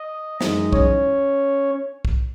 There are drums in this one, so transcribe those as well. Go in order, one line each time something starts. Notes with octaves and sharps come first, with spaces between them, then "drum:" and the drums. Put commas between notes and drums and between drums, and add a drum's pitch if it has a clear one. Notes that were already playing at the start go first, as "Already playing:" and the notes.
Already playing: D#5
F#2 E3 G#3 D#4 D#5, drum: snare
C#4 C#5, drum: kick
drum: kick